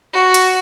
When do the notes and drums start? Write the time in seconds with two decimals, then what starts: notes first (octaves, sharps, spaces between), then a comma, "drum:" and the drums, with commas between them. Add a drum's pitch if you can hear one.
0.13 F#4
0.34 drum: hi-hat